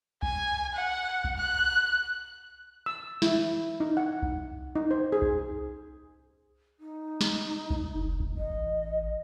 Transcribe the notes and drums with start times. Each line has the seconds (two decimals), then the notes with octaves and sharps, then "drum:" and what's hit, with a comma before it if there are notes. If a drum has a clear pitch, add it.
0.23 G#5, drum: kick C2
0.75 F#5
1.24 drum: kick C2
1.37 F#6
2.86 E6
3.22 E4, drum: snare
3.80 D#4
3.97 F#5
4.22 drum: kick C2
4.76 D#4
4.91 C5
5.12 G#4
5.22 drum: kick C2
6.80 D#4
7.21 drum: snare
7.70 drum: kick C2
7.95 F1
8.20 drum: kick C2
8.37 A1 D#5